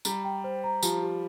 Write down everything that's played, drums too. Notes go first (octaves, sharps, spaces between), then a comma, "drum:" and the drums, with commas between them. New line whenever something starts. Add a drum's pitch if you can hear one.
G3 A#5, drum: tambourine
G5
C5
A#5
F3 G4, drum: tambourine
G4